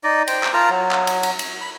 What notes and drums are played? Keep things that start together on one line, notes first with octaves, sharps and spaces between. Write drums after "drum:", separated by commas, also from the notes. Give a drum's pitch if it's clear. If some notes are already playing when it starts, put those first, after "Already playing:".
D#4 D5 D#5
C5 G5, drum: cymbal
drum: clap
F4 A#4 A5 A#5
F#3
drum: clap
drum: cymbal
drum: cymbal
drum: cymbal
B5